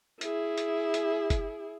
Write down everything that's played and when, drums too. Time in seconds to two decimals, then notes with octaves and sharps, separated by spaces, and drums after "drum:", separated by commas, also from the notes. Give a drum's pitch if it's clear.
0.21 E4 G#4, drum: hi-hat
0.58 drum: hi-hat
0.94 drum: hi-hat
1.30 drum: kick, hi-hat